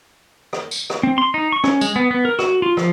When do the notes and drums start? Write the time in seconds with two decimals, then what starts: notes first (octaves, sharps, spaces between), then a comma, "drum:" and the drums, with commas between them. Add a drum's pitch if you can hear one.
0.53 drum: rim click
0.71 drum: tambourine
0.90 drum: rim click
1.03 C4
1.18 C6
1.34 D#4
1.52 C#6
1.64 C#4, drum: rim click
1.81 G#3, drum: tambourine
1.96 B3
2.11 B3
2.25 A#4
2.39 F#4, drum: rim click
2.62 F4
2.77 F3, drum: rim click